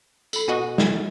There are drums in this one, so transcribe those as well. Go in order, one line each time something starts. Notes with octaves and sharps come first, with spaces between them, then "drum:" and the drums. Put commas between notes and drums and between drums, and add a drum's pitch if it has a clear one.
A4 B5, drum: tambourine
B2 F#4 D#5 G#5 C#6
drum: snare